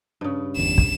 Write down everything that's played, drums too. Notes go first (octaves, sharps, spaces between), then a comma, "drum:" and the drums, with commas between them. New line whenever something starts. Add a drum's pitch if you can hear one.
G2 C#3
G1 E2 E7
drum: kick